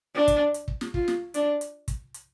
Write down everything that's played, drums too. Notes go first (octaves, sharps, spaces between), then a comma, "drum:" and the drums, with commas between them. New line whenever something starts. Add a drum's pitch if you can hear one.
D4
drum: kick, hi-hat
drum: hi-hat
drum: kick
drum: snare
F4, drum: kick
drum: snare
D4, drum: hi-hat
drum: hi-hat
drum: kick, hi-hat
drum: hi-hat